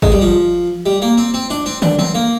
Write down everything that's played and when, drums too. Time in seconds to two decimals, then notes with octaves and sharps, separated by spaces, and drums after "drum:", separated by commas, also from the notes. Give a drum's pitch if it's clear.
0.02 G#3, drum: kick G1
0.12 G3
0.22 F3
0.86 G3
1.02 A#3
1.17 C4
1.34 C4
1.50 D4
1.66 C4
1.82 D4, drum: tom
1.99 C4, drum: tom D#3
2.15 A#3